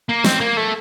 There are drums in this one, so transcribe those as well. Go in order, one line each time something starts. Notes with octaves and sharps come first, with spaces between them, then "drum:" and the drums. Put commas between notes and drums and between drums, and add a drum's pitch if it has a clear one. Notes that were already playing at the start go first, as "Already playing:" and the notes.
A#3
C4, drum: snare
A#3
A3